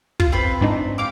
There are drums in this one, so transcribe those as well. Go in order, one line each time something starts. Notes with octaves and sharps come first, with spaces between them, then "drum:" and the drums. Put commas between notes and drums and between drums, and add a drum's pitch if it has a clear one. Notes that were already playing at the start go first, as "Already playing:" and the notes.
F4, drum: kick
C4 B4
G#2 D4 D#4
G4 F5 D6